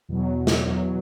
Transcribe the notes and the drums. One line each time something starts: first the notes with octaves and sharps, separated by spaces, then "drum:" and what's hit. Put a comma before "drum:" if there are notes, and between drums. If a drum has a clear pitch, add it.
E2 B2 F#3
drum: snare
E2 B2 F#3